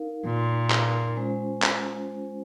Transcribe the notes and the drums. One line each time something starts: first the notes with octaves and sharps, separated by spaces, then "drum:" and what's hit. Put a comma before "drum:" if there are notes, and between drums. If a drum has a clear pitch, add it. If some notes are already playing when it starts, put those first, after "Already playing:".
Already playing: D#4 A#4 F5
A#2
drum: clap
G#3 C#4 F4 C5
drum: clap